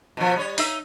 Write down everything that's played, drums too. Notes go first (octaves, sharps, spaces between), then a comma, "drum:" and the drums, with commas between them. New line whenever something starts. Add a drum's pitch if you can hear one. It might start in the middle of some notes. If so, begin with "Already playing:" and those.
B2 F3
G3 C#5
D#4 E5, drum: open hi-hat